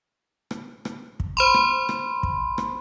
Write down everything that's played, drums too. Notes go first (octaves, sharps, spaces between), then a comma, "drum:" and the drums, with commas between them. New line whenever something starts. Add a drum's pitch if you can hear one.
drum: rim click
drum: rim click
drum: kick
C5 B5 C6
drum: rim click
drum: rim click
drum: kick
drum: rim click